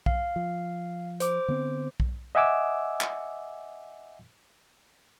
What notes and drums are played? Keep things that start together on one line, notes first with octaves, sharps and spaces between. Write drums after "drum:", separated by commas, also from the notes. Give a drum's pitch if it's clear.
F5, drum: kick B1
F3
C5 D6, drum: hi-hat
D3 B3 C4
drum: kick B1
D#5 E5 F#5 G#5 D6 E6
drum: clap